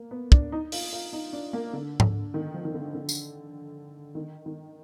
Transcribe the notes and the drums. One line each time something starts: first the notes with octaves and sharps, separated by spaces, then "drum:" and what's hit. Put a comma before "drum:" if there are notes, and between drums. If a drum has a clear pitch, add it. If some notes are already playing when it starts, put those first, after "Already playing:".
Already playing: A#3
B3
D4, drum: kick
D#4
F4, drum: open hi-hat
F4
D#4
D4
A#3
D3
drum: tom G#2
D#3
F3
D#3
D3
D3
drum: tambourine
D#3
D#3